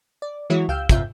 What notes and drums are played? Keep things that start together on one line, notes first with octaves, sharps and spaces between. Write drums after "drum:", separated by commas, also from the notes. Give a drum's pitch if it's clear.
D5
E3 F#3 G#3 E4 F#4 C#5
C#2 G4 F5 E6 G6
G1 F2 C3 F4 E5 G6, drum: kick, hi-hat